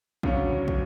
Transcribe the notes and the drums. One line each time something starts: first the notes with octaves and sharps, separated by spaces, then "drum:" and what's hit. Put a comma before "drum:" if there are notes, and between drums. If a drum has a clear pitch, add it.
D2 C#3 F#3 C#4, drum: kick
drum: kick